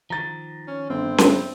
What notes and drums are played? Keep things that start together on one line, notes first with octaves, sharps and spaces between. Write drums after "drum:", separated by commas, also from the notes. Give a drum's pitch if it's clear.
D#3 F3 A#5 A6
C#4
G1 C4
F#3 E4, drum: snare C#4